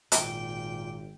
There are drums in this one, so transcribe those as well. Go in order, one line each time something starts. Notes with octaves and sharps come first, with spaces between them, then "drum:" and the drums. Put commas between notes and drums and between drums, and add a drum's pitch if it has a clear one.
G#1 A#2 G5, drum: hi-hat